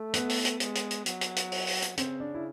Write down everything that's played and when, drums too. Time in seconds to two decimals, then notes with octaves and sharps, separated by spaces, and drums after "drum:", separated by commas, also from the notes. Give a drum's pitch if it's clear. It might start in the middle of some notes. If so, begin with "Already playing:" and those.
Already playing: A3
0.14 B3, drum: hi-hat
0.29 drum: open hi-hat
0.45 drum: hi-hat
0.60 G#3, drum: hi-hat
0.75 drum: hi-hat
0.91 drum: hi-hat
1.06 F#3, drum: hi-hat
1.21 drum: hi-hat
1.36 drum: hi-hat
1.52 drum: open hi-hat
1.67 drum: open hi-hat
1.82 drum: hi-hat
1.97 C#3 C4, drum: hi-hat
2.20 D4
2.34 E4